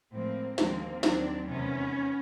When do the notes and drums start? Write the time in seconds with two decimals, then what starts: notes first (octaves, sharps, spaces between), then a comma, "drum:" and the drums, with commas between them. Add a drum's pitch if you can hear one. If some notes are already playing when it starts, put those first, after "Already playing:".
0.12 A2 F3 G#3 A#3 C4
0.58 D#2 D3 F3 G#3 A#3 C4, drum: snare
1.03 D#2 D#3 F#3 C4 D4, drum: snare
1.48 E2 C3 D#3 G#3 B3 C#4